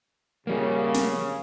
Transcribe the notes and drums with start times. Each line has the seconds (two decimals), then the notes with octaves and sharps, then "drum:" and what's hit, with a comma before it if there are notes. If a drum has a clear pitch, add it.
0.47 C#3 G3 A#3
0.94 drum: snare